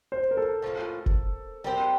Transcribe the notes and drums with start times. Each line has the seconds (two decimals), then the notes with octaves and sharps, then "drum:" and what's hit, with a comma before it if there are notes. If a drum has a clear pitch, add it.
0.12 C5
0.31 A#4
0.37 A4
0.62 A2 F3 A#3 F4
1.06 drum: kick F#1
1.64 G3 C4 G4 A#4 C5